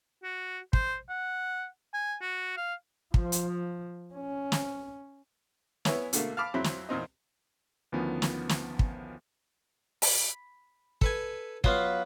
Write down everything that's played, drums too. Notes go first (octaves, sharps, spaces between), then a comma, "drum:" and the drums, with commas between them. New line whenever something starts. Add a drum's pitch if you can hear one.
F#4
C5, drum: kick
F#5
G#5
F#4
F5
F3, drum: kick
drum: hi-hat
C#4
drum: snare
B3 E4 C#5 G#5, drum: snare
B2 D3 A3 A#3, drum: hi-hat
F5 A5 B5 D6 F6
F2 F#3 C4 E4 B5
drum: snare
E2 A#2 C4 D#4
D2 D#3 F3 B3 C#4
drum: snare
drum: snare
drum: kick
B5, drum: open hi-hat
A4 B4 G#5, drum: kick
F#3 B3 F4 B4 F5, drum: kick